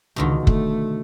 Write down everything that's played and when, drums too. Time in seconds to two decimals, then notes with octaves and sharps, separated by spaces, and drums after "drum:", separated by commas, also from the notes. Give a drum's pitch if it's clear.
0.16 C#2 B2 D3 D#3
0.47 A3, drum: kick